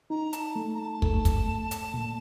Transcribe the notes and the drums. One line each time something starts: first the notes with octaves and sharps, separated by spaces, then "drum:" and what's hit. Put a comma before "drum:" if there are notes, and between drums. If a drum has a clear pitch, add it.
D#4 A#5
A5, drum: hi-hat
A3
A#5
A5
A3, drum: kick
drum: kick, hi-hat
A3
drum: hi-hat
A#2